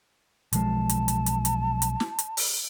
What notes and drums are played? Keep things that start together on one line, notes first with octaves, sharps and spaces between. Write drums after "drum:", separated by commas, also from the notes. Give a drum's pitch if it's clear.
B1 F3 G#3 A5, drum: hi-hat
drum: hi-hat
drum: hi-hat
drum: hi-hat
drum: hi-hat
drum: hi-hat
drum: snare
drum: hi-hat
drum: open hi-hat